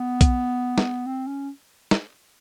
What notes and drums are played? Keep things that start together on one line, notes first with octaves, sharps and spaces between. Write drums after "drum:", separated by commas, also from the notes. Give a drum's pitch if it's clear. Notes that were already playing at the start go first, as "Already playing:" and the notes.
Already playing: B3
drum: kick B1, hi-hat
drum: snare
C4
C#4
drum: snare